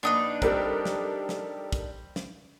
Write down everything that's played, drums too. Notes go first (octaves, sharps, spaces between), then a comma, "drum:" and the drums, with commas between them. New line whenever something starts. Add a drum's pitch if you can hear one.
A#1 D4 D#4 B4
G3 C4 G4 A4 A#4, drum: kick, hi-hat
drum: snare
drum: snare
drum: kick, hi-hat
drum: snare